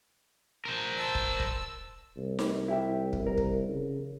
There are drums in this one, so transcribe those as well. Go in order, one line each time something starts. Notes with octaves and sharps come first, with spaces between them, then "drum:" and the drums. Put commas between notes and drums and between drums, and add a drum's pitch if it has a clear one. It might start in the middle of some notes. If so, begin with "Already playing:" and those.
A#4 C5
A5 E6
drum: kick
drum: kick
C2
drum: snare D#4
E4 G4 E5
drum: kick
A#4
drum: kick
C#3